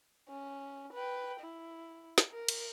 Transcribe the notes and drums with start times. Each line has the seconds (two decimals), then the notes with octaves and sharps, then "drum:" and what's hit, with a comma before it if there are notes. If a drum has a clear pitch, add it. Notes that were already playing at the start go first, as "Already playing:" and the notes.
0.29 C#4
0.93 B4 G5
1.40 E4
2.18 drum: snare
2.31 A#4
2.48 drum: cymbal